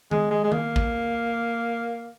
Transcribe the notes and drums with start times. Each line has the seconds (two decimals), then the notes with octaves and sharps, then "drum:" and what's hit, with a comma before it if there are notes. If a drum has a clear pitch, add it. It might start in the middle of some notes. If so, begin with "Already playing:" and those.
0.11 G#3, drum: tom D#3
0.31 G#3
0.44 G#3
0.52 A#3, drum: tom D#3
0.76 drum: kick